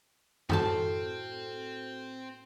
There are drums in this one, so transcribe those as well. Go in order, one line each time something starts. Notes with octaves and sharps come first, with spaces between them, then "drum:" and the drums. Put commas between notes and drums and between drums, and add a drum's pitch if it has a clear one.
A2 C4 F#4 A4 C5 A5 F6, drum: tom F#2